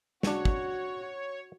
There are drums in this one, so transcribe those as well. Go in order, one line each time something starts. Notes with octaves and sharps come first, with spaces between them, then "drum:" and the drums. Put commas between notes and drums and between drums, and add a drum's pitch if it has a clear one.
C#3 D4 F#4 C#5, drum: snare
drum: kick